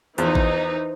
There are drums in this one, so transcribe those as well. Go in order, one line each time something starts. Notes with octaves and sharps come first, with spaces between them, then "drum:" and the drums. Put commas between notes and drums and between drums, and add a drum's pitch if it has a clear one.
E2 E3 F3 D#4 C5, drum: hi-hat
drum: kick A1